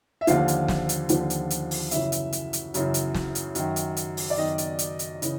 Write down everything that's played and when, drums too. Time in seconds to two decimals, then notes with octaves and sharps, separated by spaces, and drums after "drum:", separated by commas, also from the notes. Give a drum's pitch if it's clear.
0.21 E5
0.27 D#2 D3 F3 F5, drum: hi-hat
0.48 drum: hi-hat
0.68 drum: snare
0.89 drum: hi-hat
1.09 D#2 D3 F3, drum: hi-hat
1.30 drum: hi-hat
1.50 drum: hi-hat
1.71 drum: open hi-hat
1.91 F#2 C#3 E3 E5, drum: hi-hat
2.12 drum: hi-hat
2.32 drum: hi-hat
2.53 drum: hi-hat
2.74 F#2 C#3 E3, drum: hi-hat
2.94 drum: hi-hat
3.15 drum: snare
3.35 drum: hi-hat
3.55 F#2 D#3, drum: hi-hat
3.76 drum: hi-hat
3.97 drum: hi-hat
4.17 drum: open hi-hat
4.30 D5
4.38 F#2 D#3 D#5
4.58 drum: hi-hat
4.79 drum: hi-hat
4.99 drum: hi-hat
5.22 C#3 E3, drum: hi-hat